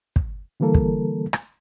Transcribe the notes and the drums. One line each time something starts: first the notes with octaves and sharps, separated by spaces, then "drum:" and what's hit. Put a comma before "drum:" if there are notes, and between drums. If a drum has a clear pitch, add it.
drum: kick
D3 E3 G3 A#3 A4 A#4
drum: kick
drum: rim click